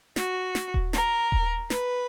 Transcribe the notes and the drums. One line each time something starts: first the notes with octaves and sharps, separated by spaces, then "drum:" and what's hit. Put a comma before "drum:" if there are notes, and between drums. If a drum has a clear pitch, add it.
F#4, drum: snare
drum: snare
drum: kick D#1
A#4, drum: snare
drum: kick D#1
B4, drum: snare